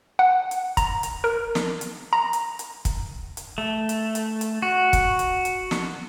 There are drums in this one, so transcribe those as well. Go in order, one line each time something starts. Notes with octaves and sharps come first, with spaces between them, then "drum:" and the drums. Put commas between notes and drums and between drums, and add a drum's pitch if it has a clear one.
F#5
drum: hi-hat
A#5, drum: kick, hi-hat
drum: hi-hat
A#4
drum: snare
drum: hi-hat
A#5
drum: hi-hat
drum: hi-hat
drum: kick, hi-hat
drum: hi-hat
A3
drum: hi-hat
drum: hi-hat
drum: hi-hat
F#4
drum: kick, hi-hat
drum: hi-hat
drum: hi-hat
drum: snare